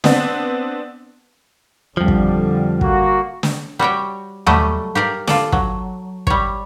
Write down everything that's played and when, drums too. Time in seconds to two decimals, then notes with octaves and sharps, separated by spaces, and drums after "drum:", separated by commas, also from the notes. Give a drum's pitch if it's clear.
0.04 B3 C4 D4, drum: snare
1.97 F2 D3 F3 G3
2.08 drum: kick
2.81 A#3 F#4, drum: kick
3.43 drum: snare
3.79 G3 F#4 C#5 G5
4.46 F#3 G3 A3 A4 D#5, drum: tom D#2
4.95 G4 A#4 D5 F5
5.27 F4 A4 D5, drum: snare
5.52 F#3, drum: kick
6.27 G3 C#5, drum: kick